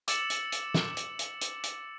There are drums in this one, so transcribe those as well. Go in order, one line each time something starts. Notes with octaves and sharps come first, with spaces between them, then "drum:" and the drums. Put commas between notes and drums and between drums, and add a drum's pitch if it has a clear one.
D6 E6 A6 C#7 E7 F#7, drum: hi-hat
drum: hi-hat
drum: hi-hat
drum: snare
drum: hi-hat
drum: hi-hat
drum: hi-hat
drum: hi-hat